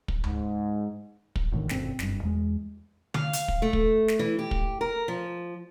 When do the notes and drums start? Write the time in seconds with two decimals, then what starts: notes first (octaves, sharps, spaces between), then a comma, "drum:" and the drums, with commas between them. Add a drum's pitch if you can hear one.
0.08 drum: kick
0.24 G#2, drum: tom C#2
1.36 drum: kick
1.52 G#1 A2 D3 D#3
1.69 F#1 A#2 D3 C4, drum: snare
1.99 F#1 G2, drum: snare
2.23 E2 G#3
3.14 F5, drum: tom D3
3.33 drum: hi-hat
3.48 drum: kick
3.62 A3
3.73 drum: kick
4.08 drum: snare
4.19 E3
4.39 G4
4.51 drum: kick
4.81 A#4
5.08 F3